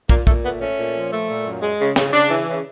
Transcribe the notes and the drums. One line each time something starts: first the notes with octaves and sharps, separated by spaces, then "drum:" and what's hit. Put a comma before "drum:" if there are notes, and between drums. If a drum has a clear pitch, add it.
A#2 A#3, drum: kick
A#2 A3, drum: kick
A3 B3
A3 C#4
A#2
F3
A3
A#2
F#2
G#3
C#3
C#3, drum: snare
C#3 D4
E3
C#3